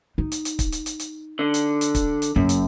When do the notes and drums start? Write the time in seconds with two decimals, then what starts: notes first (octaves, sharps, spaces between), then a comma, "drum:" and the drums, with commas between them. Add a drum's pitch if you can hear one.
0.18 D#4
0.32 drum: hi-hat
0.45 drum: hi-hat
0.59 drum: kick, hi-hat
0.72 drum: hi-hat
0.86 drum: hi-hat
1.00 drum: hi-hat
1.39 D3
1.54 drum: hi-hat
1.81 drum: hi-hat
1.95 drum: kick, hi-hat
2.22 drum: hi-hat
2.36 F#1 F#2
2.49 drum: hi-hat